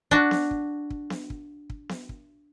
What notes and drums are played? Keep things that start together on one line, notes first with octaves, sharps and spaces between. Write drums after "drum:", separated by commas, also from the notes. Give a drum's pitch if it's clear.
D4 F#4, drum: kick
drum: snare B3
drum: kick
drum: kick
drum: snare B3
drum: kick
drum: kick
drum: snare B3
drum: kick